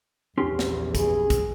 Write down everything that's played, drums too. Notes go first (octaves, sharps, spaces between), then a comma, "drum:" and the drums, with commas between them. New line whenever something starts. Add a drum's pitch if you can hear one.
A#1 E2 C#4 G4 C6
drum: snare
G#4, drum: kick G#1, hi-hat
drum: kick G#1, hi-hat